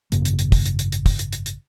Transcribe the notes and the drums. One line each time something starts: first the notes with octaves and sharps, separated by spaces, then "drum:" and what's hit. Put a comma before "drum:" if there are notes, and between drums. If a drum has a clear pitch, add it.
G#1 F#2 C#3 A#3, drum: hi-hat
drum: hi-hat
drum: hi-hat
drum: kick, open hi-hat
drum: hi-hat
drum: hi-hat
drum: hi-hat
drum: kick, open hi-hat
drum: hi-hat
drum: hi-hat
drum: hi-hat